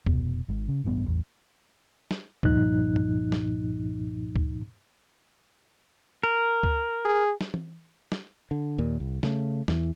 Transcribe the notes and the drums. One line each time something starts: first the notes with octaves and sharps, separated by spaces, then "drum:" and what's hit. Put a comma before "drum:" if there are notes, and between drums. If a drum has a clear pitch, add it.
F1 B2, drum: kick D2
G#1 G#2
C#3
E1 A1 G2 B3
D1 A1 E2
drum: snare
C2 G2 A#2 F3 D#4 F#6, drum: kick D2
drum: tom G2
drum: snare
drum: kick D2
A#4
drum: kick D2
G#4
drum: snare
drum: tom
drum: snare
D3
D#2 A#2
C2
C#3 A3, drum: snare
E2 E3, drum: snare